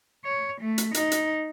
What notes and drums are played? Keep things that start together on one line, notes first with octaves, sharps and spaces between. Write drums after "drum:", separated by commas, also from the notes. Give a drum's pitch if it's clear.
C#5
A3
drum: hi-hat
D#4, drum: hi-hat
drum: hi-hat